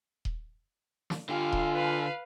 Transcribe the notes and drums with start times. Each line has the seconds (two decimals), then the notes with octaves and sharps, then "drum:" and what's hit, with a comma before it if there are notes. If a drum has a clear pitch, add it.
0.25 drum: kick D#1
1.10 drum: snare
1.29 D3 F4 G4 F5 G#5
1.52 drum: kick D#1
1.74 B4 F5